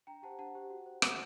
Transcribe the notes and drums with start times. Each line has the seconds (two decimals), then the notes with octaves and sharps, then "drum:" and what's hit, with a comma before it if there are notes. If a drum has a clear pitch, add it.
0.07 D4 G5 A#5
0.22 G4 C5 F#5 A5
0.38 D4 F#5 A5
0.55 G4 C5
0.70 F#4
0.86 C5
1.02 F#4 F#5, drum: rim click